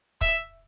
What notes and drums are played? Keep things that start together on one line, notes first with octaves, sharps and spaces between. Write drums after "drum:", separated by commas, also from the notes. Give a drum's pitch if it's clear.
E5, drum: kick